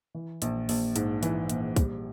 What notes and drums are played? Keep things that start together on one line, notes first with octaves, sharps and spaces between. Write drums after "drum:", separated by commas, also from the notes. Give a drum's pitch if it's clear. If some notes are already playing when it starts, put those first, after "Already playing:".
E3
A#1, drum: hi-hat
A#1, drum: open hi-hat
G#2, drum: hi-hat
E3, drum: hi-hat
A#1, drum: hi-hat
G3, drum: kick, hi-hat